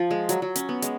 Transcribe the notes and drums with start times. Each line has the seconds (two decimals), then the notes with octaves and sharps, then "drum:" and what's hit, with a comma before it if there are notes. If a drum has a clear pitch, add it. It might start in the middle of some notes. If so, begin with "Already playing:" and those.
Already playing: F3
0.11 G#3
0.29 F#3, drum: hi-hat
0.42 F#3
0.56 C#4, drum: hi-hat
0.69 B3
0.82 G#3, drum: hi-hat